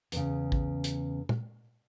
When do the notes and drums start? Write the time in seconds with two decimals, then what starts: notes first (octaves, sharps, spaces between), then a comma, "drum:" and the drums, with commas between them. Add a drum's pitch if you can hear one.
0.12 E2 C#3, drum: hi-hat
0.52 drum: kick A1
0.84 drum: hi-hat
1.29 drum: tom A#2